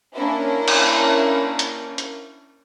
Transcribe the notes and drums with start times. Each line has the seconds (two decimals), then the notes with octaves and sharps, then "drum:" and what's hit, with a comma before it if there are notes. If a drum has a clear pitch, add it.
0.14 A#3 C#4 D4 E4 A#4
0.68 drum: cymbal
1.59 drum: hi-hat
1.98 drum: hi-hat